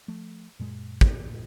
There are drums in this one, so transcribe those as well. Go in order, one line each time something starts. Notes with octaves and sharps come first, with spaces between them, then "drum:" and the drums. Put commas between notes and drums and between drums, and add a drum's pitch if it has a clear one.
F3 A3
F#2 A#2 G#3
drum: kick